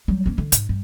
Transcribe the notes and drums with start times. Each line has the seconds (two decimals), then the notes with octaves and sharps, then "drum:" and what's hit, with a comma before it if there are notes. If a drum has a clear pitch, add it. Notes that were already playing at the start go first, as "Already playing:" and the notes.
0.08 F#3 G3
0.26 A#3 C#4
0.38 D3
0.52 G#2, drum: hi-hat
0.69 G2